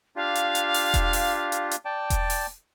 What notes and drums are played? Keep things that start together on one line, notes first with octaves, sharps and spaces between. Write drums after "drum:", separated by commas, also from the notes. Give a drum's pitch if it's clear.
D4 F4 G4 F5
drum: hi-hat
drum: hi-hat
drum: open hi-hat
drum: kick E1, hi-hat
drum: open hi-hat
drum: hi-hat
drum: hi-hat
D5 G5 A5
drum: kick E1, hi-hat
drum: open hi-hat